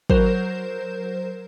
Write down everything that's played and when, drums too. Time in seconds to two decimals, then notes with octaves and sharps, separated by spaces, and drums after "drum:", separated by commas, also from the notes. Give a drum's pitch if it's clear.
0.10 F#3 A#4 C5 G6 E7, drum: kick